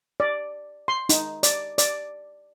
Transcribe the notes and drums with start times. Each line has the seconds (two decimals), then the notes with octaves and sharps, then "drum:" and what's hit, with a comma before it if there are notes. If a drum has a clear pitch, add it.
0.20 D5
0.88 C6
1.09 D#4, drum: hi-hat
1.43 D5, drum: hi-hat
1.78 D5, drum: hi-hat